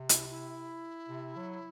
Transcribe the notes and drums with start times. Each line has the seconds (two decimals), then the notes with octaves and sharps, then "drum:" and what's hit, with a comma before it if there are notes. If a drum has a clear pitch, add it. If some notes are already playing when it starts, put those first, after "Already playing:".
Already playing: C3
0.09 E4, drum: hi-hat
0.30 E4
1.09 C3
1.36 F#3